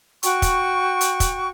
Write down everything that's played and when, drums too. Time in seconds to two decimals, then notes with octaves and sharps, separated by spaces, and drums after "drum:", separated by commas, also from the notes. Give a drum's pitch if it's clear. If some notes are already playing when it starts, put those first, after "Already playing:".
0.23 F#4 G5 C#6, drum: hi-hat
0.42 drum: kick, hi-hat
1.01 drum: hi-hat
1.20 drum: kick, hi-hat